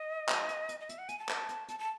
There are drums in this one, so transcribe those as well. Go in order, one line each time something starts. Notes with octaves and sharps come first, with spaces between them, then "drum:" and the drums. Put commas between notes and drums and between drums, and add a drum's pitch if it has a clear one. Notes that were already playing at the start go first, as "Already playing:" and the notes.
Already playing: D#5
drum: clap
drum: hi-hat
drum: hi-hat
D#5
E5, drum: hi-hat
F#5
G#5, drum: hi-hat
A5
drum: clap
drum: hi-hat
A5, drum: hi-hat
A5